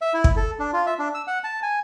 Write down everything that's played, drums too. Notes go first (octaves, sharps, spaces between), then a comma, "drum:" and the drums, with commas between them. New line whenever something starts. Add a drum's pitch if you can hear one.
E5
E4
drum: kick
A4
D4
F4
E5
D4
E6
F#5
A5
G#5